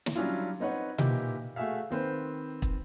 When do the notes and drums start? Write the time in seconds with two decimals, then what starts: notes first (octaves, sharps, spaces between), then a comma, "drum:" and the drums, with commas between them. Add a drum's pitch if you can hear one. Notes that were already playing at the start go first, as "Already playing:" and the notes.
0.06 drum: snare
0.16 F#3 G3 C#4 D4 E4 F4
0.60 C4 D#4 B4 C#5 F#5
0.98 A#2 E3 D#4 E4 G4, drum: tom B2
1.56 A3 F#4 G#4 E5 F5
1.90 D#3 C4 B4 C5
2.62 drum: kick